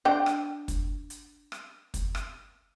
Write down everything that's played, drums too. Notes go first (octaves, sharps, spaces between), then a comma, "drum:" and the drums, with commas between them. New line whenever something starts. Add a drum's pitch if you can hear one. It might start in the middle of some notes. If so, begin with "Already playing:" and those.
D4 G5
drum: rim click
drum: kick, hi-hat
drum: hi-hat
drum: rim click
drum: kick, hi-hat
drum: rim click